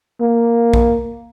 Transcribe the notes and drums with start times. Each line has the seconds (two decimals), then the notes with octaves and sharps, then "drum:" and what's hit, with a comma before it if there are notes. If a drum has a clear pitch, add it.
0.21 A#3
0.74 drum: kick A#1